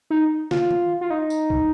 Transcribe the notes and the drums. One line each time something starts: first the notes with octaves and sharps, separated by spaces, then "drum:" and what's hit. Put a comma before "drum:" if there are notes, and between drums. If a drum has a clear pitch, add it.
D#4
F4, drum: snare
drum: tom D#3
F4
D#4
drum: tambourine
drum: kick